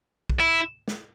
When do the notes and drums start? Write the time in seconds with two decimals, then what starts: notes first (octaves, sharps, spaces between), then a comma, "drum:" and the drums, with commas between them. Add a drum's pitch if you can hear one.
0.30 drum: kick
0.40 E4
0.88 drum: snare